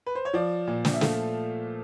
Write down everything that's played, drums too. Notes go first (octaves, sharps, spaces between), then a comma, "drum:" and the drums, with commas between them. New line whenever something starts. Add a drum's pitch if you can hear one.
B4
C5
C#5
F3 D5
A#2
drum: snare
E5
A3 F5, drum: snare